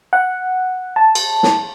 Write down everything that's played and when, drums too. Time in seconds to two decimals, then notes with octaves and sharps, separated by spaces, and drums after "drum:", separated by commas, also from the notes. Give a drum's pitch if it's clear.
0.13 F#5
0.96 A5
1.15 drum: cymbal
1.43 drum: snare